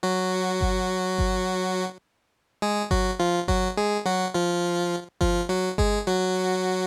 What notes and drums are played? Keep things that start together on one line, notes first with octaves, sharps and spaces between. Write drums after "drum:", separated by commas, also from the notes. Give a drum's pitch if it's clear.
F#3 F#4
drum: kick G1
drum: kick G1
G#3 G#4
F#3 F#4, drum: kick G1
F3 F4
F#3 F#4, drum: kick G1
G#3 G#4
F#3 F#4
F3 F4
F3 F4, drum: kick G1
F#3 F#4
G#3 G#4, drum: kick G1
F#3 F#4